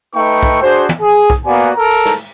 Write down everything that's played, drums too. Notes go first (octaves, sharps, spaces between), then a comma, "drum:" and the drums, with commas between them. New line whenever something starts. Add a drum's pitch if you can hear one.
A3 D#4 B4 G5 C#6
drum: kick
D4 F#4 G#4 C5
drum: tom
G#4
drum: kick
A#3 B3 F#4 D5 G#5
A4 A#4 A#5
drum: cymbal
drum: snare